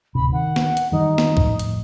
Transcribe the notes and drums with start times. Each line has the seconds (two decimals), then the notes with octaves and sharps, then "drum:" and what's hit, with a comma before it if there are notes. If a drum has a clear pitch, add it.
0.15 D1 C3 B5
0.32 D#3 F#5
0.56 drum: snare
0.77 drum: hi-hat
0.92 D#3 E3 G3 D#4
1.18 drum: snare
1.37 F2 A2, drum: kick C2
1.59 drum: hi-hat